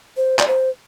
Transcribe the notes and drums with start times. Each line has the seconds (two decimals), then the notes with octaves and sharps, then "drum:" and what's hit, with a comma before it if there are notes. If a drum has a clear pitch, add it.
0.17 C5
0.39 D5, drum: clap
0.48 C5